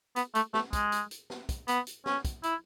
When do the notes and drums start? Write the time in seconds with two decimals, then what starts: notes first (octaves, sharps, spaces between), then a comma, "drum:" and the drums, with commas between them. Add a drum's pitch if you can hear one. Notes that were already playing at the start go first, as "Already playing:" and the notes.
0.16 B3, drum: hi-hat
0.35 A3, drum: hi-hat
0.54 A3, drum: snare
0.73 G#3, drum: kick, hi-hat
0.92 drum: hi-hat
1.11 drum: hi-hat
1.30 drum: snare
1.49 drum: kick, hi-hat
1.68 B3, drum: hi-hat
1.87 drum: hi-hat
2.06 C#4, drum: snare
2.25 drum: kick, hi-hat
2.43 E4, drum: hi-hat